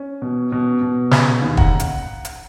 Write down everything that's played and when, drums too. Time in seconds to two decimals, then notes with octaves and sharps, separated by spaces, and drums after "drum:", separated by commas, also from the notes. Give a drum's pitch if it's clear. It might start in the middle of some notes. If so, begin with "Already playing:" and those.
Already playing: C#4
0.22 B2
0.52 B2
0.81 B2
1.11 C#3 G#5 B5, drum: snare
1.41 D#2
1.57 F#5 A#5, drum: kick
1.80 drum: hi-hat
2.25 drum: hi-hat